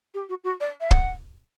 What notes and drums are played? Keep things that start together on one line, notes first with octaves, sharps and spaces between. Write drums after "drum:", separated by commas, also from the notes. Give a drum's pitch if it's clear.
G4
F#4
F#4
D5
E5
F#5, drum: kick